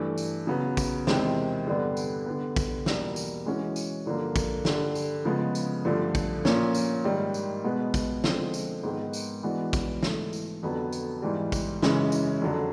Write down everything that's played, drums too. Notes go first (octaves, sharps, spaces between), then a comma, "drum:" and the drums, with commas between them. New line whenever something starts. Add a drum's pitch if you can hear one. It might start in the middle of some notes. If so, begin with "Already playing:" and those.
Already playing: G2 E3 A3
drum: tambourine
C#3 F#3 B3
drum: kick, tambourine
E2 C3 D#3 G#3 C4, drum: snare
G2 D3 G3 B3
drum: tambourine
D3 G3 B3
drum: kick, tambourine
E2 B2 G3 A#3, drum: snare
drum: tambourine
E3 G#3 C#4 F#4
drum: tambourine
G2 D3 F3 A#3
drum: kick, tambourine
G2 D3 G3, drum: snare
drum: tambourine
C#3 F3 G#3 B3
drum: tambourine
G2 D3 F3 A3
drum: kick, tambourine
A#2 F3 A#3 C#4, drum: snare
drum: tambourine
G#2 D#3 G3
drum: tambourine
B2 G#3 B3
drum: kick, tambourine
D3 F3 G#3 C4, drum: snare
drum: tambourine
G#2 D#3 G#3 B3
drum: tambourine
E3 G#3 B3 D4 F#4
drum: kick, tambourine
G#2 E3 A3, drum: snare
drum: tambourine
F2 D3 F#3 B3
drum: tambourine
G#2 E3 G3
drum: kick, tambourine
F#2 C#3 E3 G#3 C#4, drum: snare
drum: tambourine
F2 D3 F#3